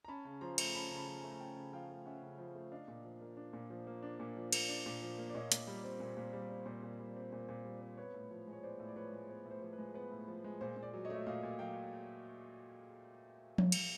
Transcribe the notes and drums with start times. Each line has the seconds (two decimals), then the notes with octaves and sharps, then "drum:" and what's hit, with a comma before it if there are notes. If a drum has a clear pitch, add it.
0.05 A#5
0.08 C#4 A5 B5
0.25 C#3
0.41 F3 A#5 C6
0.58 A3, drum: cymbal
0.74 C#4 A5 B5
0.89 C#3 A#5
0.96 A5 B5
1.07 F3
1.18 G#5 A#5
1.24 A3
1.31 A#5
1.40 C#4 G5 A5
1.56 C#3
1.73 F3 F5 G5
1.90 A3
2.06 C#4 E5 F#5
2.22 C#3
2.38 F3
2.55 A3
2.72 D4 D#5 F5
2.88 A#2
3.05 F3
3.21 A#3
3.37 D4
3.53 A#2
3.70 F3
3.87 A#3
4.03 D4
4.20 A#2
4.36 F3
4.53 A#3, drum: cymbal
4.69 D4
4.86 A#2
5.02 F3
5.18 A#3
5.29 D5
5.35 A#2 C#5 D#5
5.52 A#2, drum: hi-hat
5.67 G3
5.84 C4
6.00 A#2
6.17 A#2
6.33 G3
6.50 C4
6.66 A#2 C5
6.83 A#2
6.99 G3
7.16 C4
7.32 A#2
7.49 A#2
7.65 G3
7.81 C4
7.97 B3 B4 C#5
8.14 A2
8.31 F3
8.47 G#3
8.53 C#5
8.63 B3 C5 D5
8.80 A2
8.88 D5
8.96 F3 B4 C#5
9.13 G#3
9.29 B3 C5
9.46 A2 C5
9.62 F3 C5
9.73 B4
9.78 G#3
9.94 B3 B4
10.12 A2
10.28 F3
10.44 G#3
10.61 A#2 C5
10.77 A#2
10.83 C5 D5
10.94 F#3
11.05 C#5 D#5
11.10 A3
11.16 E5
11.26 A#2 D#5 F5
11.43 A#2
11.59 F#3 F5 G5
13.58 drum: tom F3
13.72 drum: cymbal